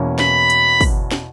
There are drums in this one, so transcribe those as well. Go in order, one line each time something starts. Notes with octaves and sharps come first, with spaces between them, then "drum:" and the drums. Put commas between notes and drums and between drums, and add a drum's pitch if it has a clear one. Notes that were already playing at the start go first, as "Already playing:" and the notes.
Already playing: E2 B2 A#3 C#4 E4
B5, drum: snare
drum: hi-hat
drum: kick, open hi-hat
drum: snare